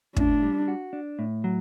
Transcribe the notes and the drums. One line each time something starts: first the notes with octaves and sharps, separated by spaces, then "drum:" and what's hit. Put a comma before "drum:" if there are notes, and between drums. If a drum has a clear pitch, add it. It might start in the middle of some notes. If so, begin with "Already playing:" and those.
A2 D4, drum: kick
G3
F#4
D4
A2
F#3